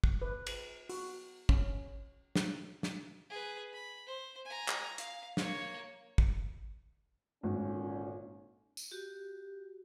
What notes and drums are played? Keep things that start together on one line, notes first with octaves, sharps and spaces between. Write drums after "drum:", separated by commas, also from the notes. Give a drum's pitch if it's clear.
drum: kick
B4
drum: cymbal
F#4, drum: open hi-hat
C#4, drum: kick
drum: snare
drum: snare
G#4 B4
B5
C5
G#5 A#5
drum: clap
F5, drum: hi-hat
A#3 C#5, drum: snare
drum: kick
G#1 A#2 D3 C#4
drum: tambourine
F#4 G4